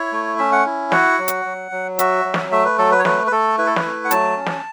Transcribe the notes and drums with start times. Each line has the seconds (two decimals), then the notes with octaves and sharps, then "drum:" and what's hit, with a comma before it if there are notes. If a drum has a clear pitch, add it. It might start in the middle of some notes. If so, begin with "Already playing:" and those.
Already playing: E4 C#5
0.12 A3
0.39 C#4 E5
0.52 F#5
0.66 E4
0.92 F#4 F#5, drum: snare
1.19 F#3
1.28 drum: hi-hat
1.45 F#3
1.72 F#3
1.99 F#4 E5, drum: hi-hat
2.25 F#3
2.34 drum: snare
2.52 A3 E5
2.65 B4
2.78 F#3 A4
2.91 B4
2.99 C#5
3.05 A3 B4, drum: snare
3.27 B4
3.32 A3 A4
3.58 E4 B4
3.66 A4
3.76 B4, drum: snare
3.85 A3
4.05 F#5
4.11 F#3 A5, drum: hi-hat
4.37 C#4
4.46 drum: snare